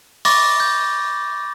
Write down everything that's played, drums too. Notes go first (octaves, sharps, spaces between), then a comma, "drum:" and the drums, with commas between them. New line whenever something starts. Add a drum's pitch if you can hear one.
B5 C#6 D6 A6 A#6, drum: open hi-hat
G6